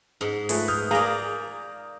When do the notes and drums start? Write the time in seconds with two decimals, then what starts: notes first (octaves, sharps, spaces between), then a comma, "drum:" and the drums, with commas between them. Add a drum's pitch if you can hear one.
0.21 G#2
0.49 F3 A3 G#4 B4, drum: open hi-hat
0.68 D#6 F6 G6, drum: hi-hat
0.91 A#3 G#4 D5 F5 A#5